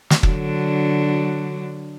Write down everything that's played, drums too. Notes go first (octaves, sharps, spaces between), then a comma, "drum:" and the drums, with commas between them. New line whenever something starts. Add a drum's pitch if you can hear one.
drum: snare
D3 F#3 D4, drum: kick